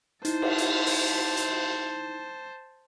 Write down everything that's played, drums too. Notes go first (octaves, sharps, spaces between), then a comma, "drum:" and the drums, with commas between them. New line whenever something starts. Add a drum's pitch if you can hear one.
D#4 E4 C5 A5, drum: hi-hat
drum: cymbal
drum: hi-hat
drum: open hi-hat
drum: hi-hat